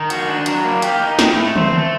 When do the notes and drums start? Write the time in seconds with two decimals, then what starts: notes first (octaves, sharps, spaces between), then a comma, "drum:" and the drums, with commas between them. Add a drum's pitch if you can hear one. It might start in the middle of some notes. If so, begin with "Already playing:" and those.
Already playing: D#3
0.10 F#4, drum: hi-hat
0.29 D4
0.46 F#3, drum: hi-hat
0.64 A#3
0.82 G4, drum: hi-hat
1.01 D#4
1.19 A2, drum: snare
1.37 A3
1.56 C4, drum: tom
1.74 A3